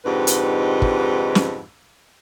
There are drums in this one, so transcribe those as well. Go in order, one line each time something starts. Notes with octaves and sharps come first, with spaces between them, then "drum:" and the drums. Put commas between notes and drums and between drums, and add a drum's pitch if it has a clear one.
F2 G#2 D3 D#4 G4 B4
drum: hi-hat
drum: kick
drum: snare